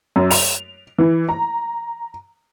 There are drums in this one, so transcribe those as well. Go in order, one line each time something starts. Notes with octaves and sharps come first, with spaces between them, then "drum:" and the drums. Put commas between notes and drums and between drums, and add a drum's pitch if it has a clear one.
F#2
F7, drum: open hi-hat
E3
A#5